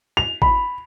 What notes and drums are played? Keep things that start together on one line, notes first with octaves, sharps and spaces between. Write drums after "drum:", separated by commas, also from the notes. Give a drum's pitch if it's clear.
F7
B5, drum: kick G#1